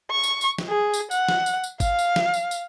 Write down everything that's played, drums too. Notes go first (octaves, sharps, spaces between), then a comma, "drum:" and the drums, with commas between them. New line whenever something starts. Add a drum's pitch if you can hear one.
C#6
drum: tambourine
drum: tambourine
drum: snare
G#4
drum: tambourine
F#5, drum: tambourine
drum: snare
drum: tambourine
drum: tambourine
F5, drum: kick G#1, tambourine
drum: tambourine
drum: snare
drum: tambourine
drum: tambourine